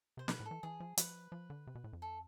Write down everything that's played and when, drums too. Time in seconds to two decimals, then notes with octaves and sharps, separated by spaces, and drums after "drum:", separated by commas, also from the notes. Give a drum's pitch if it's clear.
0.17 C3 C5
0.28 B2 B4, drum: snare
0.40 A2
0.45 A4
0.51 E3
0.63 E3 G#4
0.80 F3
0.97 F3 B4, drum: hi-hat
1.32 F3
1.50 D3
1.67 C3
1.75 B2
1.84 A2
1.93 F2
2.02 A4